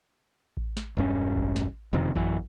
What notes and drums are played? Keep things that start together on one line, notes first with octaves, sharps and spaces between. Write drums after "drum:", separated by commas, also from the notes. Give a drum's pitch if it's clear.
drum: kick A1
drum: snare
E1 G2 C#4
drum: kick A1
drum: snare
F#1 F2 C3 D#3
F#2 E3, drum: kick A1